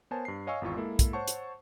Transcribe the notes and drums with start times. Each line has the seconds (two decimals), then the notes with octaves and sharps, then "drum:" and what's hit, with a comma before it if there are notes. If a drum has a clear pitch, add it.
0.11 B3 A#4 C5 C#5 G#5 A5
0.25 G2 C7
0.47 C#5 D#5 F5 G#5 C#6 E6
0.61 G#1 E2 F4 C#6
0.76 G#3 A#3 E4 A4
0.99 drum: kick, hi-hat
1.13 C5 C#5 F#5 A5 C#6
1.28 drum: hi-hat